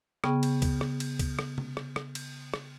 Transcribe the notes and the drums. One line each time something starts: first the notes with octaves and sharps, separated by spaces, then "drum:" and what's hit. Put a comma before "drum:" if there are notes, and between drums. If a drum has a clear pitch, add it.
C#3 B3 G#4 G5 C#6, drum: rim click
drum: cymbal
drum: kick C#2, cymbal
drum: rim click
drum: cymbal
drum: kick C#2, cymbal
drum: rim click
drum: tom
drum: rim click
drum: rim click
drum: cymbal
drum: rim click